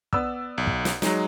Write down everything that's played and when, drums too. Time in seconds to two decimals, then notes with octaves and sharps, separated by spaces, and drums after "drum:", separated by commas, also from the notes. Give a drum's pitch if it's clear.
0.13 B3 D5 E6, drum: kick
0.58 B1
0.67 drum: kick
0.85 drum: snare
1.02 F#3 G#3 D#4, drum: snare